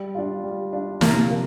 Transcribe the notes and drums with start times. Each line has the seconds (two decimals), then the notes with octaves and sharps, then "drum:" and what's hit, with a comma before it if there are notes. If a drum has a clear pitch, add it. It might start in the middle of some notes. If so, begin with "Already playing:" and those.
Already playing: G3
0.15 D4 F4
0.44 G3
0.73 D4 F4
1.01 C3 A#3, drum: snare
1.29 F3 A#3